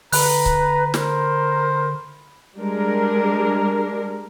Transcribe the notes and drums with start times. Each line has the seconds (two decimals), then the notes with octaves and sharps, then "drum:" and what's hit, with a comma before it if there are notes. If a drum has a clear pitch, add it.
0.12 D3 B4 A#5 B5 F#6, drum: open hi-hat
0.46 drum: kick C#1
0.94 A#4 C5, drum: snare
2.57 G3 G#3 D4 A#4